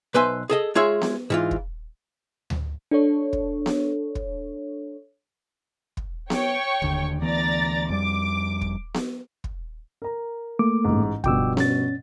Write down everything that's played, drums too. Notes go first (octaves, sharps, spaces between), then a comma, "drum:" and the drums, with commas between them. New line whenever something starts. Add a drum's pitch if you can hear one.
B1 B4 C5 E5 G#5 C6
G#4 A4 D#5
G#3 F4 G#4 C#5 E5
drum: snare B3
G#2 E3 F4
drum: kick
drum: tom D2
D4 A4 C#5
drum: kick
drum: snare B3
drum: kick
drum: kick
C#5 G5 C#6, drum: snare B3
D#2 D3, drum: kick
D2 E3 B3 D5 A#5 A6
F2 G3 D6
drum: kick
drum: snare B3
drum: kick
A#4 A#5
A3 A#3 D6
A1 G#2
G2 B2 F3 G5 D6 E6, drum: kick
C#4 A6, drum: snare B3